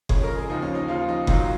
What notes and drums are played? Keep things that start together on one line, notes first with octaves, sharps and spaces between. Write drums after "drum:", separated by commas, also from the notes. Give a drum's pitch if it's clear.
F2 C#3 G#3 C#5, drum: kick F#1
A#4
G#4
D#2 C#3 F3 D#4
C#4
D#4
D#2 C#3 F3 F4
D#4
G#1 G#2 D#3 F#3 F4, drum: kick F#1